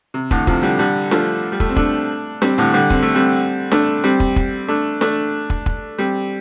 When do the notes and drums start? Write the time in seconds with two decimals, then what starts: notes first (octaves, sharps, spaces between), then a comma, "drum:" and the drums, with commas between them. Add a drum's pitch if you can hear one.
0.14 C3
0.31 A2 D3, drum: kick
0.47 C3 F3, drum: kick
0.63 D3 G3
0.79 D3 G3
1.11 F3 A3, drum: snare D4
1.52 G3
1.60 A3, drum: kick
1.69 C4
1.76 A3 D4, drum: kick
2.42 G3 C4, drum: snare D4
2.58 A2 D3
2.74 D3 G3
2.90 C4, drum: kick
3.03 A3
3.15 G3 C4
3.72 A3 D4, drum: snare D4
4.04 G3 C4
4.20 drum: kick
4.36 drum: kick
4.68 A3 D4
5.01 A3 D4, drum: snare D4
5.50 drum: kick
5.66 drum: kick
5.98 G3 C4